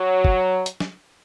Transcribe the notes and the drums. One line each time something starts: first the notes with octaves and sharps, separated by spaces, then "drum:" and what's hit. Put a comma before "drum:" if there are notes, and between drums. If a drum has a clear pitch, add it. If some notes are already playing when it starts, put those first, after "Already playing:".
Already playing: F#3
drum: kick
drum: hi-hat
drum: snare